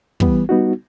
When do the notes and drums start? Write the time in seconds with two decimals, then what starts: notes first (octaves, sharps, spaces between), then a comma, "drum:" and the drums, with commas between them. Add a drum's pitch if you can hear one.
0.20 E3 G3 B3, drum: kick
0.49 G3 B3 D#4 F#4